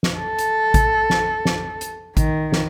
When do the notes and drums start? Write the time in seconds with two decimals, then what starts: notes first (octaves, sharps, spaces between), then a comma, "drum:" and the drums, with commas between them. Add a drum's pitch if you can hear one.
0.03 drum: snare
0.19 A4
0.39 drum: hi-hat
0.74 drum: kick, hi-hat
1.10 drum: snare
1.45 drum: snare
1.81 drum: hi-hat
2.17 D#3, drum: kick, hi-hat
2.52 drum: snare